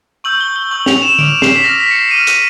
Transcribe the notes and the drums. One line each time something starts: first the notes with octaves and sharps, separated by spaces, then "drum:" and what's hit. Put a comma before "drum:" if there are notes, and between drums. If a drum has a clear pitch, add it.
C#6 E6 G6 F#7
G7
G7
C#6 E6 G6 F#7
F7, drum: snare
E7
D6 F6 D7, drum: tom D3
C7, drum: snare
B6
D6 F6 A#6
B6
C#7
C7
D6 F6 D#7
D#7, drum: hi-hat